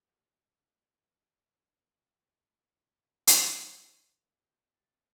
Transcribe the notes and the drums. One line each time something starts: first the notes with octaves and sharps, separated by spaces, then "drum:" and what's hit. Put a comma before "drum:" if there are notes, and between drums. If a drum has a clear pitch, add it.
A#2 F#4 G4 D#5 G#5 A5
drum: hi-hat
B4
F4
D6
G6
A#5
A6
C#5
C5